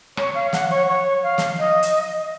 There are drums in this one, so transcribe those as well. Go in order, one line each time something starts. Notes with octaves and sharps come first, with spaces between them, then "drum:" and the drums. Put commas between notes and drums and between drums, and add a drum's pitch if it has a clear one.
C#5, drum: rim click
F5
F#5, drum: snare
C#5
C#5
F5
drum: snare
D#5
drum: hi-hat